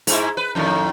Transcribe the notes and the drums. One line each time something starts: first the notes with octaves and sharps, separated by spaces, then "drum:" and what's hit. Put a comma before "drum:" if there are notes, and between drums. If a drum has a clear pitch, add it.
G#2 G#3 E4, drum: open hi-hat
B4
F2 A2 D#3